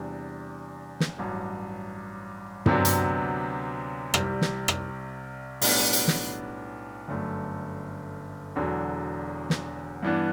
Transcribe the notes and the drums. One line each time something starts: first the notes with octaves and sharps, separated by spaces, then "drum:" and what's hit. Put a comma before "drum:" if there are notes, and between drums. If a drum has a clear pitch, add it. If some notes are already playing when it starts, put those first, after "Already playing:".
Already playing: E2 C3 G3 D4
drum: snare
A1 G2 F#3
D2 C3 F#3 B3 D4, drum: tom
drum: hi-hat
C2 C3 G3, drum: rim click
drum: snare
drum: rim click
B1 A2 G3 B3 D4, drum: open hi-hat
drum: hi-hat
drum: snare
G1 F#2 D3 A3
E1 E2 D3 F#3
drum: snare
G2 E3 B3 D4